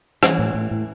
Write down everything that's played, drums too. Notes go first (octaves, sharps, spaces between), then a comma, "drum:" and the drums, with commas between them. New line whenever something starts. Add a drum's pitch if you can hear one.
E3 C#4, drum: rim click
A2
A2
A2